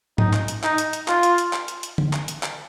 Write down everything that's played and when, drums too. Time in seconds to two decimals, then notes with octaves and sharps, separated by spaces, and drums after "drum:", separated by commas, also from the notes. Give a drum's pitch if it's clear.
0.18 D#4, drum: tom G#2
0.33 drum: clap
0.48 drum: hi-hat
0.64 D#4, drum: clap
0.78 drum: hi-hat
0.93 drum: hi-hat
1.08 F4, drum: clap
1.23 drum: hi-hat
1.38 drum: hi-hat
1.53 drum: clap
1.68 drum: hi-hat
1.83 drum: hi-hat
1.98 drum: tom
2.13 drum: clap
2.28 drum: hi-hat
2.43 drum: clap